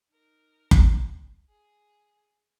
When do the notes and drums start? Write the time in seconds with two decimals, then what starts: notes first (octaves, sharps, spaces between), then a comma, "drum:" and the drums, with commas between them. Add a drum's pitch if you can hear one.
0.12 D#4 A#4
0.71 drum: kick F#1
1.49 G#4